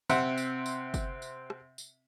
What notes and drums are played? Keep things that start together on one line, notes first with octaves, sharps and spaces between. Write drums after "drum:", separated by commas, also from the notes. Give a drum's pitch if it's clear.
C3 C4 E5 F#5, drum: tambourine
drum: tambourine
drum: tambourine
drum: kick G1, tambourine
drum: tambourine
drum: rim click
drum: tambourine